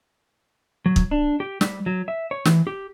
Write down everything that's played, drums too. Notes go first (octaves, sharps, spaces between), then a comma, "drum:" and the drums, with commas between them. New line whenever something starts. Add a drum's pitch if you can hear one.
F#3
drum: kick
D4
G4
G3, drum: snare
F#3
E5
C#5
E3, drum: snare
G4